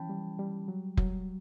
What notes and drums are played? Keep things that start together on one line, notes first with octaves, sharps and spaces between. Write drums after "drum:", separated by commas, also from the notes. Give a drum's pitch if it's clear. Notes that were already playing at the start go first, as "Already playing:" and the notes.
Already playing: E3 C#4 E4 G5 A5 B5
G3
G3
F#3
F#3, drum: kick F1